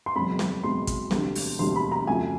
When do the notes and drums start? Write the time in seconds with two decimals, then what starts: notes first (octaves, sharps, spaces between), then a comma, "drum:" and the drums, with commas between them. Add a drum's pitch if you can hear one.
0.06 C6
0.15 F#1 E2 B2 G#3 C4 B5
0.39 drum: snare
0.63 F#1 E2 B2 G#3 C4 C6
0.87 drum: kick, hi-hat
1.11 E1 D2 D3 G3 C4, drum: snare
1.35 drum: open hi-hat
1.59 E1 D2 D3 G3 C4 C6
1.76 B5
1.92 A#5
2.07 F2 C#3 F#3 A3 G#5